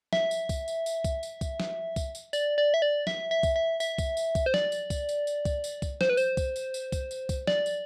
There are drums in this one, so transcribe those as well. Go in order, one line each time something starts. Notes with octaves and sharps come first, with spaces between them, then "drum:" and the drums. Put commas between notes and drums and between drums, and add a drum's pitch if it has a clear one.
E5, drum: snare
drum: tambourine
drum: kick C2, tambourine
drum: tambourine
drum: tambourine
drum: kick C2, tambourine
drum: tambourine
drum: kick C2, tambourine
drum: snare
drum: kick C2, tambourine
drum: tambourine
D5, drum: tambourine
D5
E5
D5
E5, drum: snare
E5
drum: kick C2, tambourine
E5
E5, drum: tambourine
drum: kick C2, tambourine
drum: tambourine
drum: kick C2, tambourine
C5
D5, drum: snare
drum: tambourine
drum: kick C2, tambourine
drum: tambourine
drum: tambourine
drum: kick C2, tambourine
drum: tambourine
drum: kick C2, tambourine
C5, drum: snare
B4
C5, drum: tambourine
drum: kick C2, tambourine
drum: tambourine
drum: tambourine
drum: kick C2, tambourine
drum: tambourine
drum: kick C2, tambourine
D5, drum: snare
drum: tambourine